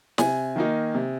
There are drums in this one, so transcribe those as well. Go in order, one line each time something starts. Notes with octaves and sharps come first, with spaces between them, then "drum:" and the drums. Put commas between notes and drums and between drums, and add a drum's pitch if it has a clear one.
C3 G#5, drum: snare
D#3 A#3 D#4
C3